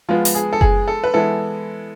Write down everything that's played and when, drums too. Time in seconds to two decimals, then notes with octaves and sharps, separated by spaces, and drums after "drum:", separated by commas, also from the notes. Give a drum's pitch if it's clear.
0.09 F3 G#3 B3 F4
0.25 drum: open hi-hat
0.35 G#4
0.53 A4
0.61 G#4, drum: kick F#1
0.88 A4
1.04 B4
1.14 E3 G#3 B3 E4 A4